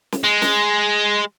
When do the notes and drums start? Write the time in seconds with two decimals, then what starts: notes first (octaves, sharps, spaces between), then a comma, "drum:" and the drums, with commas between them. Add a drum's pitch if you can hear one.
0.12 drum: snare
0.24 G#3
0.42 drum: snare